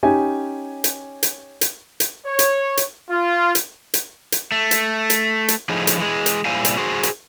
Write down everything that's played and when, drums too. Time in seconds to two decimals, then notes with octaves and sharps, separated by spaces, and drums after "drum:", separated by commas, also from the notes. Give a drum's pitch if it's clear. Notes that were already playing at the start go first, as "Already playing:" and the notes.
0.03 C#4 D#4 G4 G#5
0.84 drum: hi-hat
1.23 drum: hi-hat
1.61 drum: hi-hat
2.00 drum: hi-hat
2.27 C#5
2.39 drum: hi-hat
2.77 drum: hi-hat
3.11 F4
3.55 drum: hi-hat
3.94 drum: hi-hat
4.32 drum: hi-hat
4.52 A3
4.71 drum: hi-hat
5.10 drum: hi-hat
5.48 drum: hi-hat
5.69 A2 F3 D#4 G#4
5.87 drum: hi-hat
5.99 E3 G#3 G#4
6.26 drum: hi-hat
6.45 A#2 G3 E4 C5 F5 G#5
6.65 drum: hi-hat
6.77 F#4 G#4 C5
7.03 drum: hi-hat